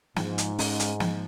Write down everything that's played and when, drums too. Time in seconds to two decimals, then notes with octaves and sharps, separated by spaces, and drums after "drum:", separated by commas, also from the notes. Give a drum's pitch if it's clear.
0.16 G#2 F3, drum: snare
0.38 drum: hi-hat
0.59 G#3 C#4, drum: open hi-hat
0.80 drum: hi-hat
1.00 F3, drum: snare